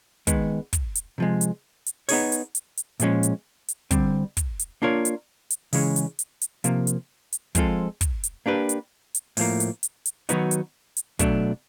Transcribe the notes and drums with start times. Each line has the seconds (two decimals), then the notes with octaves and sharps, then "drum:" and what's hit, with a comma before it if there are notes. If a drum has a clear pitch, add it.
0.27 D#3 G#3 B3, drum: kick, hi-hat
0.73 drum: kick, hi-hat
0.95 drum: hi-hat
1.18 C3 F3 G#3
1.41 drum: hi-hat
1.86 drum: hi-hat
2.09 B3 D#4 G#4 C#5, drum: open hi-hat
2.32 drum: hi-hat
2.55 drum: hi-hat
2.77 drum: hi-hat
3.00 A#2 F3 G#3 C#4, drum: hi-hat
3.23 drum: hi-hat
3.68 drum: hi-hat
3.91 D3 G3 C4, drum: kick, hi-hat
4.37 drum: kick, hi-hat
4.59 drum: hi-hat
4.82 A#3 D4 F4 A#4 C#5
5.05 drum: hi-hat
5.50 drum: hi-hat
5.73 C#3 E3 G#3 C#4, drum: open hi-hat
5.96 drum: hi-hat
6.19 drum: hi-hat
6.41 drum: hi-hat
6.64 C3 F3 A#3, drum: hi-hat
6.87 drum: hi-hat
7.32 drum: hi-hat
7.55 F3 G#3 C4 F4 A4, drum: kick, hi-hat
8.01 drum: kick, hi-hat
8.24 drum: hi-hat
8.46 A#3 D4 G4 B4
8.69 drum: hi-hat
9.15 drum: hi-hat
9.37 A2 F3 A#3, drum: open hi-hat
9.60 drum: hi-hat
9.83 drum: hi-hat
10.06 drum: hi-hat
10.29 D#3 F#3 B3 D#4 F#4, drum: hi-hat
10.51 drum: hi-hat
10.97 drum: hi-hat
11.19 B2 F#3 A3 D4, drum: kick, hi-hat